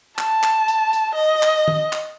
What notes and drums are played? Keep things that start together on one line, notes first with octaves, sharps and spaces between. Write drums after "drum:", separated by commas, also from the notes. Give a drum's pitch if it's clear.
A5, drum: clap
drum: clap
drum: hi-hat
drum: hi-hat
D#5
drum: clap
drum: tom
drum: clap